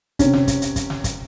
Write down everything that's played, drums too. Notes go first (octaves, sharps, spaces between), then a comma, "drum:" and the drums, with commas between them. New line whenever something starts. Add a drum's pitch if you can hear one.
C3 C#4, drum: kick, hi-hat
drum: snare
drum: kick, hi-hat
drum: hi-hat
drum: kick, hi-hat
drum: snare
drum: kick, hi-hat